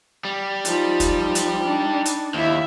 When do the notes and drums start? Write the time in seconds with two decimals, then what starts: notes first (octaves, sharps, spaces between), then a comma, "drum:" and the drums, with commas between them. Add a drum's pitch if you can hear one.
0.25 G3
0.65 F3 D#4, drum: hi-hat
1.00 drum: kick, hi-hat
1.35 drum: hi-hat
1.63 D4 D#4
2.05 drum: hi-hat
2.34 D#2 E4 E5